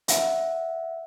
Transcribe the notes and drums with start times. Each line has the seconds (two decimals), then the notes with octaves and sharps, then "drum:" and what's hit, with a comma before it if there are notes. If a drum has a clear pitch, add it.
0.08 E5 F#5, drum: hi-hat